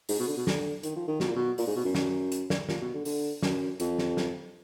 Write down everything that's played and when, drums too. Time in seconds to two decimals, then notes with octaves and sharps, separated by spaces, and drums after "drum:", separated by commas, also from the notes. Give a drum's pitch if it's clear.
0.09 G#2, drum: open hi-hat
0.19 B2
0.27 D3
0.37 B2
0.47 D3, drum: snare
0.83 D#3, drum: hi-hat
0.96 F3
1.08 D#3
1.20 B2, drum: snare
1.27 A#2
1.36 B2
1.58 A#2, drum: open hi-hat
1.67 G#2
1.76 B2
1.85 F#2
1.95 drum: snare
2.32 drum: hi-hat
2.50 drum: snare
2.69 A#2, drum: snare
2.81 B2
2.94 D3
3.05 D3, drum: open hi-hat
3.42 F#2, drum: snare
3.80 F2, drum: hi-hat
3.99 drum: snare
4.17 drum: snare